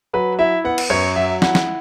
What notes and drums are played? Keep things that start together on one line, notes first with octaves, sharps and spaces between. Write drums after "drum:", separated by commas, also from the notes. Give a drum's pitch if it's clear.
F#3 B4
E4 E5
B3 F#5
drum: cymbal
F#2 C#5
F#3 E5
E4 F#5, drum: snare
drum: snare